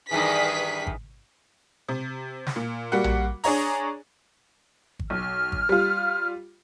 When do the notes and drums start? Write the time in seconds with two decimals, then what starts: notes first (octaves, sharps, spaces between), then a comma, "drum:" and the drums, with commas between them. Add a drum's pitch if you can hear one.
0.11 G2 D#3 E3 G#4 B4 B6
0.87 drum: kick G#1
1.88 C3
2.47 drum: snare
2.56 A#2
2.92 G3 A#3 F#4 F#5
3.04 drum: tom A#1
3.44 D4 G#4 C#5 A#5, drum: open hi-hat
4.99 drum: kick G#1
5.10 B1 F6
5.52 drum: kick G#1
5.69 G3 F4